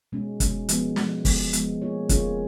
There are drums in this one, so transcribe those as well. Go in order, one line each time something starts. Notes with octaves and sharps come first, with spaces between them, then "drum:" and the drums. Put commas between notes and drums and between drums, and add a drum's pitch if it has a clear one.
B2 G#3 C#4
B2 G#3 C#4, drum: kick, hi-hat
F3 G#3 B3, drum: hi-hat
F3 G#3 B3, drum: snare
F3 G#3 B3, drum: kick, open hi-hat
F3 G#3 B3, drum: hi-hat
A#3 C#4 F4 G#4 C#5
A#3 C#4 F4 G#4 C#5, drum: kick, hi-hat